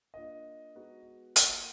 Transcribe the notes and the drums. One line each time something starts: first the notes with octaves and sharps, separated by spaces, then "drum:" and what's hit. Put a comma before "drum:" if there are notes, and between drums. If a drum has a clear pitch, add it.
A#3 D4 F4 A#4 D#5
G#3 B3 D#4 F#4 B4
A#3 F4 A#4 F#5, drum: hi-hat